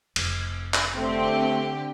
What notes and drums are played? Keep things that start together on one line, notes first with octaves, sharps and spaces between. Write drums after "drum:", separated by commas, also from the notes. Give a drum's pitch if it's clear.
F1, drum: cymbal
drum: clap
D3 A3 C4 G4